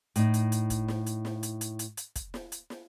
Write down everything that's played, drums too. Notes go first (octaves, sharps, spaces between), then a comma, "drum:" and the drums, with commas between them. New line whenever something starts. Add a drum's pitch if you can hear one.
A2 D#4, drum: hi-hat
drum: hi-hat
drum: hi-hat
drum: kick, hi-hat
drum: snare
drum: hi-hat
drum: snare
drum: hi-hat
drum: hi-hat
drum: hi-hat
drum: hi-hat
drum: kick, hi-hat
drum: snare
drum: hi-hat
drum: snare